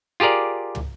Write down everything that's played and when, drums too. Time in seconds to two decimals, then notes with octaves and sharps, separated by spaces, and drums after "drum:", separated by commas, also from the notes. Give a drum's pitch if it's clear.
0.20 F4 G4 G#4 A#4 D5
0.75 drum: tom